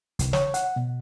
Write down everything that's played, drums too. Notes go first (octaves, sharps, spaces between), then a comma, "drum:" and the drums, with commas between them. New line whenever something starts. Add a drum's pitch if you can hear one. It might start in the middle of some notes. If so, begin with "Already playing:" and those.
C2, drum: kick, hi-hat
C#5, drum: snare
F#5, drum: hi-hat
B2